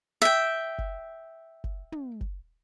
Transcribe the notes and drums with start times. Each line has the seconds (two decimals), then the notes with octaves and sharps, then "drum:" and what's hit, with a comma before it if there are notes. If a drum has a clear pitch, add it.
0.22 E5 G5
0.78 drum: kick F#1
1.64 drum: kick F#1
1.92 drum: tom
2.21 drum: kick F#1